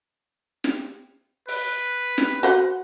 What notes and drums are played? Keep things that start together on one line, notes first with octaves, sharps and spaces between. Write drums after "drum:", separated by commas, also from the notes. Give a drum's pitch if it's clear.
drum: snare
B4, drum: open hi-hat
drum: snare
F#4 C5 F#5